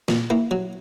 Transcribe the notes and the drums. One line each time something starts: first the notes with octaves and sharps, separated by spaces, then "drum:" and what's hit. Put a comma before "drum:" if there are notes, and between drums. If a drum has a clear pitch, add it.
A#2, drum: snare
A#3 E4
F#3